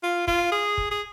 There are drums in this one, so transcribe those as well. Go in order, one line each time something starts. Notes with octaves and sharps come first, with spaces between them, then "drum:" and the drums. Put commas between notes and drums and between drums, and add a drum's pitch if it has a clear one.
F4
F4, drum: kick
G#4
drum: kick
G#4